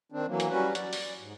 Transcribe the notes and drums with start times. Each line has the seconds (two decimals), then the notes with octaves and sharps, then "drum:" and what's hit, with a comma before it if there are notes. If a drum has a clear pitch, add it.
0.12 D#3 C4 D4
0.27 E3 F#3 A#3
0.40 drum: hi-hat
0.50 F#3 G3 C#4 F#4 B4
0.75 D5, drum: hi-hat
0.93 drum: open hi-hat
1.19 G#2